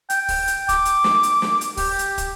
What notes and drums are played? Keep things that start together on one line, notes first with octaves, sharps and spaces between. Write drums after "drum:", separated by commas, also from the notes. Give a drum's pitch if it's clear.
G5, drum: hi-hat
drum: kick, open hi-hat
drum: hi-hat
D6, drum: kick, hi-hat
drum: hi-hat
drum: snare
drum: hi-hat
drum: snare
drum: hi-hat
G4, drum: kick, open hi-hat
drum: hi-hat
drum: kick, hi-hat